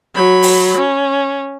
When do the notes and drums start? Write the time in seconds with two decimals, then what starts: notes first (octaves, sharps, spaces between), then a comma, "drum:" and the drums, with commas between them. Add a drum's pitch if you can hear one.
0.15 F#3 B5
0.43 drum: open hi-hat
0.77 C#4